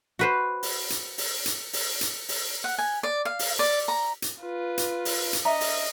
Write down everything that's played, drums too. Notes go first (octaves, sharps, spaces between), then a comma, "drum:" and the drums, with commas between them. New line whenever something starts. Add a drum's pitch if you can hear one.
F#4 B4 C5
drum: open hi-hat
drum: hi-hat
drum: open hi-hat
drum: hi-hat
drum: open hi-hat
drum: hi-hat
drum: open hi-hat
F#5
G#5
D5
F5
drum: open hi-hat
D5
A#5
drum: hi-hat
F4 B4
drum: hi-hat
drum: open hi-hat
drum: hi-hat
D4 D#5 E5 A#5
drum: open hi-hat